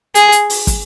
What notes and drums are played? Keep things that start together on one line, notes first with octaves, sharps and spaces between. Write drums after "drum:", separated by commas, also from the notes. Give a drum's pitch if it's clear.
G#4, drum: hi-hat
drum: hi-hat
drum: open hi-hat
drum: kick, hi-hat